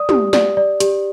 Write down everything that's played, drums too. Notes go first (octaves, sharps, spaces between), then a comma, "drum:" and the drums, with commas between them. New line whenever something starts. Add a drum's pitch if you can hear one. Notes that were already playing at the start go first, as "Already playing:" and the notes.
Already playing: D5 D#6
G4, drum: tom
D5, drum: snare
D5
G4, drum: hi-hat